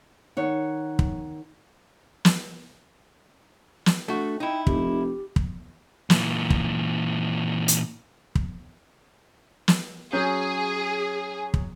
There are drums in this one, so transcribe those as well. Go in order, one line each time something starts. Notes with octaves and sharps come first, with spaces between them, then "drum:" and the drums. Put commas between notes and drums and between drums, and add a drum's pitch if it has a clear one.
D#3 C#5 F#5
drum: kick
drum: snare
drum: snare
A3 D4 F#4
D#4 E4 G5
F1 G4, drum: kick
drum: kick
A#2 E3, drum: snare
drum: kick
drum: hi-hat
drum: kick
drum: snare
F#3 C#4 G#4 G6
drum: kick